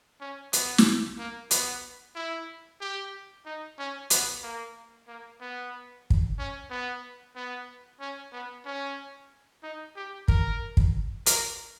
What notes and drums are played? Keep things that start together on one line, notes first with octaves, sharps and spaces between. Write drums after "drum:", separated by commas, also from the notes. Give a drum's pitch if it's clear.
C#4
B3, drum: hi-hat
drum: snare
A#3
B3, drum: hi-hat
E4
G4
D#4
C#4
B3, drum: hi-hat
A#3
A#3
B3
drum: kick
C#4
B3
B3
C#4
B3
C#4
D#4
G4
A#4, drum: kick
drum: kick
A#4, drum: hi-hat